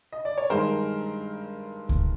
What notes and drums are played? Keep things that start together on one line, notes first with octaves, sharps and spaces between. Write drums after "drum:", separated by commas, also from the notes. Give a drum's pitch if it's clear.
D#5
D5
C#5
G2 D#3 G#3 A#4 C5
drum: kick C#2